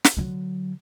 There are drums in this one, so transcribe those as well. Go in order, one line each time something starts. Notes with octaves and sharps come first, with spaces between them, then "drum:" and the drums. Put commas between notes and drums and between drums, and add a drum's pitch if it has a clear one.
drum: snare
D3 F#3